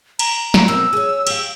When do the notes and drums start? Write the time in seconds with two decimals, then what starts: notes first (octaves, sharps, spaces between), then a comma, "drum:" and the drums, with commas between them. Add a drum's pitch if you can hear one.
0.19 A#5, drum: cymbal
0.54 drum: snare
0.68 B2 C4 A#4 E6
0.93 G#4 C#5
1.27 G4 F5, drum: cymbal